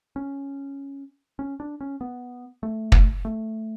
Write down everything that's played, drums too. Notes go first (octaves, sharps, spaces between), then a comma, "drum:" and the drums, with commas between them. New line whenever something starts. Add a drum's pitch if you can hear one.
C#4
C#4
D4
C#4
B3
A3
drum: kick
A3